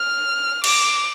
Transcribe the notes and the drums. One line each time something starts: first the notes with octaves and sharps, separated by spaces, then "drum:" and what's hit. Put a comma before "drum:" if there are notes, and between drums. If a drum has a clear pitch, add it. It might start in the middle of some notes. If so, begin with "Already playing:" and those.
Already playing: F6
D6, drum: cymbal